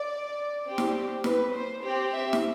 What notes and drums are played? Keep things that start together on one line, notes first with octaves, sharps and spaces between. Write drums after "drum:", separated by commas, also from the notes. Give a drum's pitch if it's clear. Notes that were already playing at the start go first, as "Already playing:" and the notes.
Already playing: D5
C4 G4
drum: snare
B4, drum: snare
C5
C4 G4
E5
drum: snare